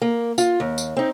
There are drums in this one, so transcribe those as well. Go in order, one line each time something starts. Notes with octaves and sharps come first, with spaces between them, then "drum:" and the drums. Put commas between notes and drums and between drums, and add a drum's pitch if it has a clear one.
A#3
F4, drum: tambourine
D#2
drum: tambourine
C4 D#4